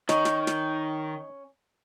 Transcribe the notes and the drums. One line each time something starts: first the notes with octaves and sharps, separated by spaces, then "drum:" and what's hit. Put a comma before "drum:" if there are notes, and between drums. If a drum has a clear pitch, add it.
D#3 C#4 D#4, drum: snare
drum: snare
drum: snare